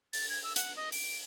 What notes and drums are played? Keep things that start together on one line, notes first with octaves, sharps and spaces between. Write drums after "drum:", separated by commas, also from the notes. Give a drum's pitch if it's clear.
A6, drum: open hi-hat
G#6
E6
F#5, drum: hi-hat
D#5
D7, drum: open hi-hat